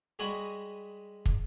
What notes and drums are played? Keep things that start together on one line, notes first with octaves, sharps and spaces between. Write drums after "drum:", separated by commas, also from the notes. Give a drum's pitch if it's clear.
G3 G#3 F#4 G#5 B5 D#6
drum: kick